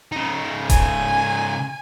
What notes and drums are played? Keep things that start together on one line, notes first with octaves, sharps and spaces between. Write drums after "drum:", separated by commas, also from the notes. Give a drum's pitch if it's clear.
C#3 D#4
G#5, drum: kick D#1, hi-hat